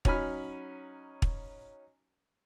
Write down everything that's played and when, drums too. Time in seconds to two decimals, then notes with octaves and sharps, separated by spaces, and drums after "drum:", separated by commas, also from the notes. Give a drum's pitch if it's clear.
0.05 F#3 C#4 D#4 G#5 B5 F6, drum: kick
1.22 drum: kick